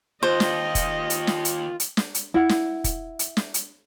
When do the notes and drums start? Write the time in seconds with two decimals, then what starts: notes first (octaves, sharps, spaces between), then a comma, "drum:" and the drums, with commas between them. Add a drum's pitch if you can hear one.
0.23 D#2 F4 C5 D#5
0.40 drum: snare
0.75 drum: kick, hi-hat
1.10 drum: hi-hat
1.27 drum: snare
1.45 drum: hi-hat
1.80 drum: hi-hat
1.97 drum: snare
2.15 drum: hi-hat
2.34 E4 F#5
2.49 drum: snare
2.84 drum: kick, hi-hat
3.19 drum: hi-hat
3.37 drum: snare
3.54 drum: hi-hat